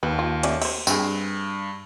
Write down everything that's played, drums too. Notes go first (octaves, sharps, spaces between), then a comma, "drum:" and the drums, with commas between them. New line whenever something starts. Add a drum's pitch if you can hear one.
D#2 B4
F4
A3 C#4 D5, drum: hi-hat
C5 E5, drum: cymbal
G2 C4 G#4, drum: tambourine